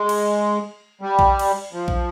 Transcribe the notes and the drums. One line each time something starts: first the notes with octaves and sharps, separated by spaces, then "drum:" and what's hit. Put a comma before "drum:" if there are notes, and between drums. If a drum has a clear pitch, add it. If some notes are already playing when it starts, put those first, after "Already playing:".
Already playing: G#3
drum: cymbal
G3
drum: kick A#1
drum: cymbal
F3
drum: kick A#1